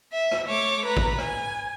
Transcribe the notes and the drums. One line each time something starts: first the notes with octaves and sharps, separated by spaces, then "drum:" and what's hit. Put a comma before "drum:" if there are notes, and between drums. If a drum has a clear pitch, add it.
E5
drum: rim click
A3 C#5 D6
B4 A#5
drum: kick
G#5, drum: rim click